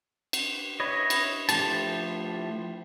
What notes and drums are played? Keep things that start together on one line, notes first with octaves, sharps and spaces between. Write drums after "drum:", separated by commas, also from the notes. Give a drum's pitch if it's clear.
drum: cymbal
E4 B4 C#5 D#5
drum: cymbal
F3 A3 E4 G4 A5, drum: cymbal